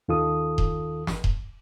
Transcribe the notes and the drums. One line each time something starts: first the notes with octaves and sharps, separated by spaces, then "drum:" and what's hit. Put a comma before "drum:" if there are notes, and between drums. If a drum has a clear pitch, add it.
D#2 D#3 F4 A4 D#6
drum: kick D#1
drum: snare
drum: kick D#1